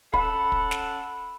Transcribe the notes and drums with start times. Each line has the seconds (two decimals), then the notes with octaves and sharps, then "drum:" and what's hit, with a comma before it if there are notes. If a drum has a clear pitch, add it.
0.13 C#4 A4 F#5 B5, drum: kick
0.52 drum: kick
0.71 drum: snare